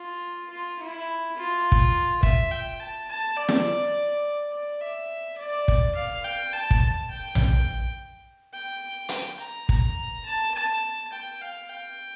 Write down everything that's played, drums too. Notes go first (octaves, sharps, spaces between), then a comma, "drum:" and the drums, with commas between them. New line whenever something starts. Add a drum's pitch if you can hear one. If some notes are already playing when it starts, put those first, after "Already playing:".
Already playing: F4
F4
E4
F4
drum: kick
E5, drum: kick
G5
A5
A5
D5
drum: snare
D5
E5
D5
drum: kick
F5
G5
A5
drum: kick
A5
G5
drum: tom A#1
G5
drum: hi-hat
A#5
A#5, drum: kick
A5
A5
G5
F5
G5